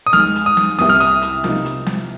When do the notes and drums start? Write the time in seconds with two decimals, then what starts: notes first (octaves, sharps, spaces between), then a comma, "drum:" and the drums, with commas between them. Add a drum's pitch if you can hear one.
0.07 D#6
0.13 D#2 D#3 G#3 F6, drum: snare
0.35 drum: hi-hat
0.46 D#6
0.57 drum: snare
0.79 C2 C3 G3 D#6, drum: snare
0.90 F6
1.00 D#6, drum: hi-hat
1.22 drum: hi-hat
1.44 C3 F3 A#3 D#4, drum: snare
1.65 drum: hi-hat
1.86 drum: snare